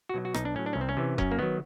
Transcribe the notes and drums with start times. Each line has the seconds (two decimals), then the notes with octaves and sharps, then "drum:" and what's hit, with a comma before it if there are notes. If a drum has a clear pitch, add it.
0.09 F#4
0.14 B2 F#3
0.25 F#4
0.34 B1 D#4, drum: rim click
0.45 D4
0.55 A2 F#3 C#4
0.66 D4
0.73 C2 C#4
0.81 C4
0.89 C#4
0.97 C3 E3
1.18 F#2 C#4, drum: kick E1
1.31 A#3
1.39 D#3 F#3 B3